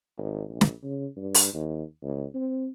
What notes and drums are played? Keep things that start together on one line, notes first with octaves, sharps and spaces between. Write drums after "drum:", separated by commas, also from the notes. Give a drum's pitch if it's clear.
G#1
A#1
drum: snare
C#3
G2
drum: open hi-hat
D#2
C#2
C4